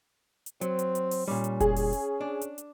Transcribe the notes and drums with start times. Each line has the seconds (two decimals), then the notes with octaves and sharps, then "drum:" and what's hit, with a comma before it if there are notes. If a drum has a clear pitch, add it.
0.46 drum: hi-hat
0.61 F#3 C4, drum: hi-hat
0.79 drum: hi-hat
0.95 drum: hi-hat
1.11 drum: open hi-hat
1.28 A#2 G3 C#4
1.44 drum: hi-hat
1.60 G#4, drum: kick F1, hi-hat
1.76 drum: open hi-hat
1.93 drum: hi-hat
2.21 D4
2.41 drum: hi-hat
2.58 drum: hi-hat